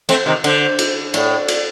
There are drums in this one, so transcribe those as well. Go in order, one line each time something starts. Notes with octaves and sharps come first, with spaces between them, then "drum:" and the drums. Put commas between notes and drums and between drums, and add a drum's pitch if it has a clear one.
A3 C4 C5, drum: cymbal
C3 D#3
D3 C5, drum: cymbal
drum: cymbal
A2 D5, drum: cymbal
drum: cymbal